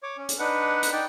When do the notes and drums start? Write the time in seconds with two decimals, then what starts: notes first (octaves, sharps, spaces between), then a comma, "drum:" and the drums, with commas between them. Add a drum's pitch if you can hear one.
0.03 C#5 D6
0.17 C#4
0.29 drum: hi-hat
0.39 D4 D#4 B4 F#5
0.83 drum: hi-hat
0.93 D#4 D5 G5